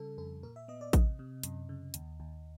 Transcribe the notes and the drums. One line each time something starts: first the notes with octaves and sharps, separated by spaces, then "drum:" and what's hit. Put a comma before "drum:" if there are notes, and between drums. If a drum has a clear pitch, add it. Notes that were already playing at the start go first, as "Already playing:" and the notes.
Already playing: C#3 G3 A4
F2 A4
A#2 A#4
E5
B3 D#5
D5
C3 D#5, drum: kick A1, hi-hat
C3
F#2, drum: hi-hat
C#3
D#2, drum: hi-hat
D#2